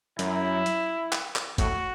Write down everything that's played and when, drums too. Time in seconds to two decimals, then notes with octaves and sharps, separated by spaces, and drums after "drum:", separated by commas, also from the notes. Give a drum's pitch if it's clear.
0.19 F#2 E4, drum: hi-hat
0.66 drum: hi-hat
1.12 drum: clap
1.36 drum: clap
1.58 A2 F#4, drum: kick, hi-hat